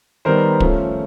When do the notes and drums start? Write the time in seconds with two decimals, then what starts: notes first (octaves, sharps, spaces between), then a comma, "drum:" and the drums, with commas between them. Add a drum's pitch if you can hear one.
0.25 D#3 G3 B3 A#4 C5
0.60 F3 A3 C#4, drum: kick